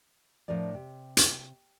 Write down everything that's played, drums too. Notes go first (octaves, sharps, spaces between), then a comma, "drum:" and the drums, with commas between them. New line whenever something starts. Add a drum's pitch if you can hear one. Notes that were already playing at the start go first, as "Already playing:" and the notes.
A2 F3 D4 A#4 D5
C3
drum: hi-hat